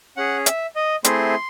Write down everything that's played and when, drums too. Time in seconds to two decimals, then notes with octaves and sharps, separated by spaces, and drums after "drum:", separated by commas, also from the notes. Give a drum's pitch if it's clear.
0.17 C#4 G#4 F#5
0.46 E5, drum: hi-hat
0.76 D#5
1.04 A3 C4 E4 G#4 C6, drum: hi-hat